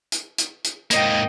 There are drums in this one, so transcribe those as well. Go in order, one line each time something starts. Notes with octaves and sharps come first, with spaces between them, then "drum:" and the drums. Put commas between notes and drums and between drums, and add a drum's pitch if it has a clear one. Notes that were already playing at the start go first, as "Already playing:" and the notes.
drum: hi-hat
drum: hi-hat
drum: hi-hat
G#2 A#3 D#5 G5, drum: hi-hat